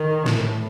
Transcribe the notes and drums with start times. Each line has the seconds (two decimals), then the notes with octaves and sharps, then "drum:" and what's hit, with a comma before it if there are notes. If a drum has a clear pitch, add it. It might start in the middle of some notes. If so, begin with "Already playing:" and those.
Already playing: D#3
0.26 A2, drum: snare